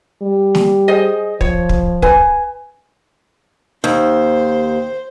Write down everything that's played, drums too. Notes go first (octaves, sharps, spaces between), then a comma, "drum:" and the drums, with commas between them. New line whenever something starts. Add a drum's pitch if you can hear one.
G3
drum: snare
G#4 C5 D#5
F3 C#5, drum: kick
drum: kick
B4 G#5, drum: kick
D#2 C5